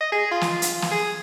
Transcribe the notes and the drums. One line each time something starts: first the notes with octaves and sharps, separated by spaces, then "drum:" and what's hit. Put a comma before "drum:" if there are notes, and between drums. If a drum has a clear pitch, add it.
D#5
G#4
F4
drum: snare
drum: hi-hat
drum: snare
G#4